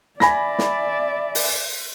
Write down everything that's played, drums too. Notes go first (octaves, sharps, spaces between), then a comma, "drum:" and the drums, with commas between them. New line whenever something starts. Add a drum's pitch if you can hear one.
D5 E5 G#5 B5 A#6, drum: snare
drum: snare
drum: open hi-hat